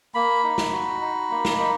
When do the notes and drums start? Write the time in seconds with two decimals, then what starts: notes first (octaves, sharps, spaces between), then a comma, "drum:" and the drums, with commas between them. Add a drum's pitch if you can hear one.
0.14 A#3 B5
0.44 D#4
0.58 drum: snare
0.72 F#4
1.01 D#4
1.30 A#3
1.45 drum: snare
1.59 D#4